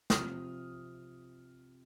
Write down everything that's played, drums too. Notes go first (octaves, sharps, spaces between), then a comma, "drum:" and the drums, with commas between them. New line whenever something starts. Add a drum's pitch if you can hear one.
C3 F3 D#6 F6, drum: snare